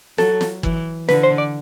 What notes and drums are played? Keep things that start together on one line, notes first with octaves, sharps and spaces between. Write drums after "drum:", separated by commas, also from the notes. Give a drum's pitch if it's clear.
F#3 A4, drum: snare
drum: snare
E3, drum: kick
D3 B4, drum: snare
C5
D5